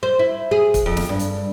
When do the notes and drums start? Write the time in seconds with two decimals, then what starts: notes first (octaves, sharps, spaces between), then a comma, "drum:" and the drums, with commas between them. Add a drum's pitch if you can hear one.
0.03 C5
0.19 E4
0.51 G#4
0.74 drum: kick, hi-hat
0.86 F2
0.97 drum: snare
1.09 G2
1.19 drum: hi-hat